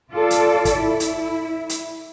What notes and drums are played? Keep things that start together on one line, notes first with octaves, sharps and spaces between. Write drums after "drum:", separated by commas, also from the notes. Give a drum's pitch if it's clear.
F4 A4 D5
drum: hi-hat
drum: kick, hi-hat
E4
drum: hi-hat
drum: hi-hat